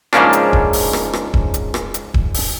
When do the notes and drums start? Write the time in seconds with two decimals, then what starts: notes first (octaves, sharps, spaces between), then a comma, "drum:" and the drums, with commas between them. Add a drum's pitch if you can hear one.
0.13 G#2 C#3 F3 A#3 C#4 D4, drum: rim click
0.33 drum: hi-hat
0.53 drum: kick D#1
0.73 drum: open hi-hat
0.93 drum: rim click
1.13 drum: rim click
1.34 drum: kick D#1
1.54 drum: hi-hat
1.74 drum: rim click
1.94 drum: hi-hat
2.14 drum: kick D#1
2.34 drum: open hi-hat